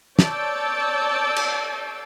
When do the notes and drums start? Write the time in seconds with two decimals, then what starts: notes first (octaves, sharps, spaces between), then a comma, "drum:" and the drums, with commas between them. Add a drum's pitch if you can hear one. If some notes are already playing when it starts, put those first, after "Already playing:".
0.19 C#5 D5 A5 E6 G6 D7, drum: snare
1.36 drum: cymbal